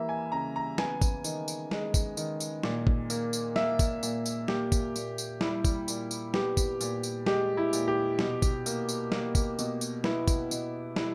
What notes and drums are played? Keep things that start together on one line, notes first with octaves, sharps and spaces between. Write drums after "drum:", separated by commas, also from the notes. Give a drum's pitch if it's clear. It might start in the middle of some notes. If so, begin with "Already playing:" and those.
Already playing: E3 G3 A#3 E5 A#5
G#5
C#3 A#5
A#5
B3 G#5, drum: snare
drum: kick, tambourine
D#3, drum: tambourine
drum: tambourine
G#3, drum: snare
drum: kick, tambourine
D#3, drum: tambourine
drum: tambourine
A#2, drum: snare
drum: kick
A#3, drum: tambourine
drum: tambourine
A#3 E5, drum: snare
drum: kick, tambourine
A#2, drum: tambourine
drum: tambourine
A#3 G4, drum: snare
drum: kick, tambourine
A#2, drum: tambourine
drum: tambourine
G3 E4, drum: snare
drum: kick, tambourine
A#2, drum: tambourine
drum: tambourine
B3 G4, drum: snare
drum: kick, tambourine
A#2, drum: tambourine
drum: tambourine
G#3 G4, drum: snare
E4
A#2, drum: tambourine
G4
B2, drum: snare
drum: kick, tambourine
A#3, drum: tambourine
drum: tambourine
A#3, drum: snare
drum: kick, tambourine
B2, drum: tambourine
drum: tambourine
B3 E4, drum: snare
drum: kick, tambourine
B2, drum: tambourine
G3 E4, drum: snare